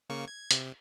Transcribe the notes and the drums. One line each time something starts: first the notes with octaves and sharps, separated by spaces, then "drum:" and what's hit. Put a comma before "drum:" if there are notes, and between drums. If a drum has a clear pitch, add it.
C#3 A#3 C#6
G#6
C3, drum: hi-hat